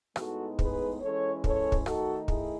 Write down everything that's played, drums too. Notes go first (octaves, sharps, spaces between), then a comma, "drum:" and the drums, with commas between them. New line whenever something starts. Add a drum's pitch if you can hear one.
A2 G#3 B3 D#4 F#4 A4, drum: rim click
G#4 B4, drum: kick
E3 G#3 C#4 A4 C#5
A4 C#5, drum: kick
drum: kick
D#3 A3 D#4 F#4 A4, drum: rim click
E4 G#4, drum: kick